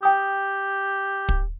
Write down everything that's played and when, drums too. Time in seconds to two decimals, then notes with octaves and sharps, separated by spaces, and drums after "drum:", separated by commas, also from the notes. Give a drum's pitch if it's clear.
0.03 G4 G5 D#6
1.29 drum: kick